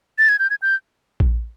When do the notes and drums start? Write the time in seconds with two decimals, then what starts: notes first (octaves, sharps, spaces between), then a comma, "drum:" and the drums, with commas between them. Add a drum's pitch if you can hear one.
0.18 A6
0.29 G#6
0.39 G6
0.50 G#6
0.62 G6
1.20 drum: kick A#1